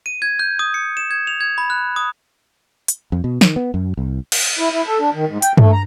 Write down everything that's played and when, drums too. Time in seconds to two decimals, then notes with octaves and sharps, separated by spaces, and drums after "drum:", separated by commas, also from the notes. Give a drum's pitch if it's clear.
0.06 D#7
0.22 G#6
0.39 G6
0.59 D#6
0.74 C#7
0.97 E7
1.11 G#6
1.27 F7
1.41 G#6
1.58 B5
1.70 F#6
1.96 D#6
2.88 drum: hi-hat
3.12 F2
3.24 B2
3.41 D#3, drum: snare
3.56 B3
3.74 F#2
3.97 C2
4.32 drum: cymbal
4.59 E4
4.72 E4
4.87 A4
4.99 D4
5.14 D#3
5.29 G#2
5.42 G5, drum: hi-hat
5.57 A3, drum: tom G2
5.72 A#5